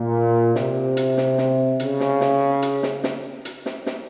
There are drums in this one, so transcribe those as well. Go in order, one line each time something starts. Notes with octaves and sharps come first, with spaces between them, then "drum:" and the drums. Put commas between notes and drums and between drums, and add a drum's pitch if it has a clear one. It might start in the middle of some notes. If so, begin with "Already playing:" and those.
Already playing: A#2
C3, drum: snare
drum: hi-hat
drum: snare
drum: snare
C#3, drum: hi-hat
drum: snare
drum: snare
drum: hi-hat
drum: snare
drum: snare
drum: hi-hat
drum: snare
drum: snare